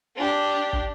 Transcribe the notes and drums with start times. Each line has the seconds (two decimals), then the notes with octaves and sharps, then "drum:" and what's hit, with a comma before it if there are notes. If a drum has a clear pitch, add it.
0.15 D4 G4
0.73 drum: kick